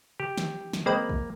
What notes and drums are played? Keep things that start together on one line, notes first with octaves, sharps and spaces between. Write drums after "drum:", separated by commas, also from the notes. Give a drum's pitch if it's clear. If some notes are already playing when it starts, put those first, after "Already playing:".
G4
drum: snare
drum: snare
G#3 A#3 C4 B4
drum: kick